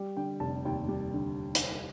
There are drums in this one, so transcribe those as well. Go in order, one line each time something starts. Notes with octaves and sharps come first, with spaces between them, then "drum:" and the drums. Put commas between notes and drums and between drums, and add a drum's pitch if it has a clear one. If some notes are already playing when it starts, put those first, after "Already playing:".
Already playing: G3
D3 G5
F1 A5
D#2 G5
G3
D3
drum: hi-hat